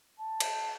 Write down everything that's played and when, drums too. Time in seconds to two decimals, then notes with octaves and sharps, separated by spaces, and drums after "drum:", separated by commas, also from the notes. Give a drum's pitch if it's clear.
0.20 A5
0.40 drum: cymbal